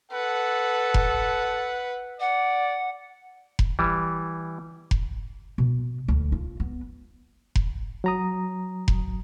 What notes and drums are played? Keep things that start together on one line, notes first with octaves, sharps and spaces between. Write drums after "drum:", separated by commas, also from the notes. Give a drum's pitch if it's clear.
A4 B4 F#5
drum: kick F1
D5 F#5
drum: kick F1
E3 G3
drum: kick F1
B2
D2
F4
B3
drum: kick F1
F#3 A#5 D#6
drum: kick F1